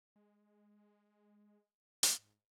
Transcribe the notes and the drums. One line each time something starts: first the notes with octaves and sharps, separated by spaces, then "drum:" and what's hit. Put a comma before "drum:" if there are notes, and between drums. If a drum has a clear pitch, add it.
G#3
drum: hi-hat
G#2